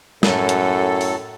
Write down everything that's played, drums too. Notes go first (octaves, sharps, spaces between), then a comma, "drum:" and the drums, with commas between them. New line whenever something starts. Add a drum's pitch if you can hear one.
F#2 A2 F#3 A4, drum: snare
drum: hi-hat
drum: open hi-hat